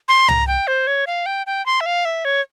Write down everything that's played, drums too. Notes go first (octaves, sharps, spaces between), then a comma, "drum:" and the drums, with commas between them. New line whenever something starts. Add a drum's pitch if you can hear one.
C6
A#5, drum: tom C2
G5
C5
C#5
F5
G5
G5
C6
E5
F5
E5
C#5